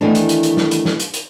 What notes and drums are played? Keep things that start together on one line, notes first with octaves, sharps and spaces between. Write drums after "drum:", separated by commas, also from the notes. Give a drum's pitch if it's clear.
D#3 E3 A3 B3 D4
drum: hi-hat
drum: hi-hat
drum: hi-hat
drum: snare
drum: hi-hat
drum: snare
drum: hi-hat
drum: hi-hat